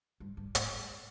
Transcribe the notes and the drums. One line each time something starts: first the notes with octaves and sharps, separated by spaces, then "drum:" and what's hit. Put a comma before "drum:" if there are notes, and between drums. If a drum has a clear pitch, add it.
G2
G2
A2, drum: hi-hat